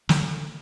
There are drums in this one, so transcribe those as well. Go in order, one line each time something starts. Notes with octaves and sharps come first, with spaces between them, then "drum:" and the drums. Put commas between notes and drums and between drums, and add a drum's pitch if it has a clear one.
D3, drum: snare